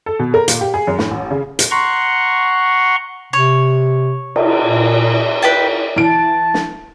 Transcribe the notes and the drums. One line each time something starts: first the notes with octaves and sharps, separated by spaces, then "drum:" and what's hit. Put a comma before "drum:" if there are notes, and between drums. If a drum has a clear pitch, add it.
A4
B2
A#4
A#2, drum: hi-hat
G4
G#4
F#2
A2, drum: snare
A1
C#3
drum: hi-hat
F#5 A#5 C6 C#6
C3 C#5
drum: cymbal
A#2
B4 G5 A5
E3 A5 D7
drum: snare